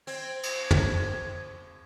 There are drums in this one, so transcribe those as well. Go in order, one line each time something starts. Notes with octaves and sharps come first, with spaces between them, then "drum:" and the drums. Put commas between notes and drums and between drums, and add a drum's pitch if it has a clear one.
C4 G#6, drum: open hi-hat
drum: cymbal
drum: tom